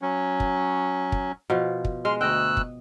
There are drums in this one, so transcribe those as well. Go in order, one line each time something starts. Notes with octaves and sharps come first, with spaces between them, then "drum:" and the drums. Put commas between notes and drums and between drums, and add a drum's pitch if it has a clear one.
F#3 C#4
drum: kick
drum: kick
B2 F3
drum: kick
G#3 C6 F6
D2 D#5 G5 E6 F#6
drum: kick